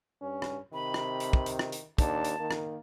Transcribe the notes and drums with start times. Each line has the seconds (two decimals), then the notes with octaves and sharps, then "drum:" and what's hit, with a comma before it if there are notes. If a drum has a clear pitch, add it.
0.22 G2 C#4
0.42 drum: rim click
0.74 C3 D#3 B5
0.94 drum: rim click
1.20 drum: hi-hat
1.33 drum: kick
1.46 drum: hi-hat
1.59 drum: rim click
1.72 drum: hi-hat
1.98 D#2 D4 A5, drum: kick, hi-hat
2.25 drum: hi-hat
2.40 D#3 A#3
2.51 drum: rim click